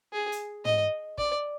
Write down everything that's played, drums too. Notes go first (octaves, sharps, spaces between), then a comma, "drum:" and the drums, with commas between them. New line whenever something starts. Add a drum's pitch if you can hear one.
G#4
drum: hi-hat
D#5, drum: tom
D5, drum: kick